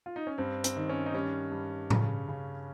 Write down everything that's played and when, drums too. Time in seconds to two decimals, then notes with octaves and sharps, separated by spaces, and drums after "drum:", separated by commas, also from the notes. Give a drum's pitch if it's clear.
0.06 F4
0.16 D#4
0.27 C#4
0.38 G2 C4
0.64 C4, drum: hi-hat
0.76 D#3
0.89 C#4
1.06 D#4
1.14 G3 C#4
1.52 G2
1.90 C#3, drum: tom A2
2.28 C#3